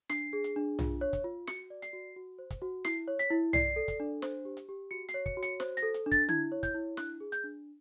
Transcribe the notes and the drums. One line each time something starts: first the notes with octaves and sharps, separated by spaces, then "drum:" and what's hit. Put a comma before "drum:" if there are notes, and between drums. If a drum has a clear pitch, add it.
D4 C7, drum: snare
G#4
drum: hi-hat
D4
F4, drum: tom B1
C#5
drum: kick, hi-hat
F4
F#4 C#7, drum: snare
D5
C7, drum: hi-hat
F#4
F#4
C5
drum: kick, hi-hat
F#4
E4 C7, drum: snare
C#5
B6, drum: hi-hat
E4
D5 C7, drum: tom B1
A4
drum: kick, hi-hat
D4
C5, drum: snare
G4
drum: hi-hat
G4
F#4 C#7
C7, drum: hi-hat
C#5
C#7, drum: kick
F#4
C#7, drum: hi-hat
C5, drum: snare
A#6, drum: hi-hat
A4
drum: hi-hat
D4
A6, drum: kick, hi-hat
E4 G#6, drum: tom D3
C#5
G6, drum: kick, hi-hat
E4
D4 F#6, drum: snare
G#4
G6, drum: hi-hat
D4